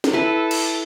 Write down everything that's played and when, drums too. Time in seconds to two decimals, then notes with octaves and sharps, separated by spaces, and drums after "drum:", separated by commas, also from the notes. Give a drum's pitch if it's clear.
0.04 drum: snare
0.13 E4 A4 B4
0.51 drum: cymbal